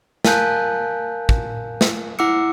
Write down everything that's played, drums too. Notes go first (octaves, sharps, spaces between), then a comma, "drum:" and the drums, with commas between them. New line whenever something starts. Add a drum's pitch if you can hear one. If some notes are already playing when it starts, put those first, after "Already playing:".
A#4 F5 G#5 A5 F#6 G6, drum: snare
drum: kick
drum: snare
E4 F#5 D6 E6 C#7